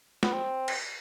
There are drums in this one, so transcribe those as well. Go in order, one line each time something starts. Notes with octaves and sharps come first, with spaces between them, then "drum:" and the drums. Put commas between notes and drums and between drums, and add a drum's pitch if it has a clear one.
B3, drum: snare
C4
drum: cymbal